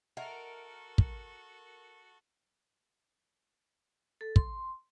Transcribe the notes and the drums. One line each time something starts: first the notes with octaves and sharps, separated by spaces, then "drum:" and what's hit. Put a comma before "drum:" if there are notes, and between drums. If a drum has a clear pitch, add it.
F#4 A4 A#4 D#5 E5 F#5
drum: kick
A4
C6, drum: kick